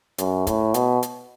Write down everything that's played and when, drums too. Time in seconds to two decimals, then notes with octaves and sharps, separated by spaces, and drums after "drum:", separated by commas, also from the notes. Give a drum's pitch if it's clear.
0.18 F#2, drum: hi-hat
0.47 A2, drum: kick, hi-hat
0.74 B2, drum: hi-hat
1.03 drum: hi-hat